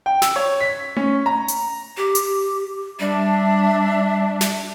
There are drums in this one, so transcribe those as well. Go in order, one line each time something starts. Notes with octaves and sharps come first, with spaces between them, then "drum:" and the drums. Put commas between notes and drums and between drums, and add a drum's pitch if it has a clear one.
G5
E6, drum: snare
C#5
B6
C#4, drum: tom A3
A#5
drum: hi-hat
G4
drum: hi-hat
G3 D4 E5
drum: snare